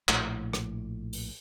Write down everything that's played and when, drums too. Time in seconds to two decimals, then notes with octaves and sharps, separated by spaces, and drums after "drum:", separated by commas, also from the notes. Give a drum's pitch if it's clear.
0.09 A#1 A2, drum: clap
0.53 drum: rim click
1.13 drum: open hi-hat